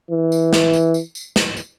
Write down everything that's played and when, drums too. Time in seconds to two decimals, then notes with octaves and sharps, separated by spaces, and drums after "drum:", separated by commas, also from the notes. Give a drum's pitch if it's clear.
0.11 E3
0.32 drum: tambourine
0.53 drum: snare
0.73 drum: tambourine
0.94 drum: tambourine
1.15 drum: tambourine
1.36 drum: snare
1.57 drum: tambourine